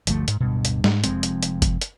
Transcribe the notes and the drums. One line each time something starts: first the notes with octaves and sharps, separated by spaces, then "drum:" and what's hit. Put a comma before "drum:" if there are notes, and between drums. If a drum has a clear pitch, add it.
G1 D2 F3 A3, drum: hi-hat
G#2, drum: hi-hat
D1 G2 B2
drum: hi-hat
G#2, drum: snare
F1 F2 G#3 C4, drum: hi-hat
drum: hi-hat
drum: hi-hat
drum: kick F#1, hi-hat
drum: hi-hat